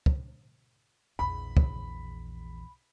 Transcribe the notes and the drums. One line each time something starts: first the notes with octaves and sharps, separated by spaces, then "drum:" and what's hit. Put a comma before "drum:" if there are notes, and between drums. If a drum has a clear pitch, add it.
drum: kick
A#1 E2 B5
drum: kick